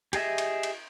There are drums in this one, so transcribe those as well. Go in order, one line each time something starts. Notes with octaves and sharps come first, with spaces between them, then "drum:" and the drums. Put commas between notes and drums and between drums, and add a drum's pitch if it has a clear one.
G4 G#4 D#5 E5, drum: cymbal
drum: cymbal
drum: cymbal